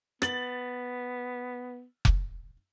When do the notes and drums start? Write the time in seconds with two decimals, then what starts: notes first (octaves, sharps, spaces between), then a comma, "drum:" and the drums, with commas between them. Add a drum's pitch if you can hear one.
0.22 B3 A6 F#7, drum: rim click
2.05 drum: kick F1